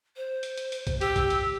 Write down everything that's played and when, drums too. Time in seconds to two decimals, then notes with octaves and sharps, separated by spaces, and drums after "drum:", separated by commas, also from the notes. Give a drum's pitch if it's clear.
0.16 C5
0.43 drum: hi-hat
0.58 drum: hi-hat
0.72 drum: hi-hat
0.87 drum: kick, hi-hat
1.01 G4 E6, drum: hi-hat
1.16 drum: kick, hi-hat
1.30 drum: hi-hat